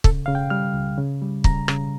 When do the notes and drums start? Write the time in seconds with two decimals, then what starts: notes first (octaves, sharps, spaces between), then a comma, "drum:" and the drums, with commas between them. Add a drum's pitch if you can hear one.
0.04 C#3 A4, drum: kick
0.26 C#3 F5
0.35 G5
0.50 G3 F6
0.74 C#2
0.98 C#3
1.22 G3
1.44 C#3 A#5, drum: kick
1.68 C#3, drum: rim click